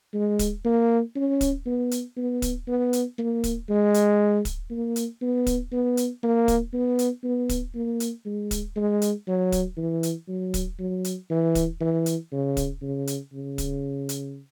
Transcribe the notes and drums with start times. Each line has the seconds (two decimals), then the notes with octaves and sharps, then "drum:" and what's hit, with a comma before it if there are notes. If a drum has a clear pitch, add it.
0.14 G#3
0.39 drum: kick, hi-hat
0.65 A#3
1.16 C#4
1.41 drum: kick, hi-hat
1.66 B3
1.91 drum: hi-hat
2.17 B3
2.42 drum: kick, hi-hat
2.68 B3
2.93 drum: hi-hat
3.18 A#3
3.44 drum: kick, hi-hat
3.69 G#3
3.94 drum: hi-hat
4.45 drum: kick, hi-hat
4.70 A#3
4.96 drum: hi-hat
5.21 B3
5.47 drum: kick, hi-hat
5.72 B3
5.97 drum: hi-hat
6.23 A#3
6.48 drum: kick, hi-hat
6.73 B3
6.99 drum: hi-hat
7.24 B3
7.49 drum: kick, hi-hat
7.75 A#3
8.00 drum: hi-hat
8.25 G#3
8.51 drum: kick, hi-hat
8.76 G#3
9.02 drum: hi-hat
9.27 F#3
9.52 drum: kick, hi-hat
9.77 E3
10.03 drum: hi-hat
10.28 F#3
10.54 drum: kick, hi-hat
10.79 F#3
11.04 drum: hi-hat
11.30 E3
11.55 drum: kick, hi-hat
11.81 E3
12.06 drum: hi-hat
12.32 C#3
12.57 drum: kick, hi-hat
12.82 C#3
13.07 drum: hi-hat
13.33 C#3
13.58 drum: kick, hi-hat
14.09 drum: hi-hat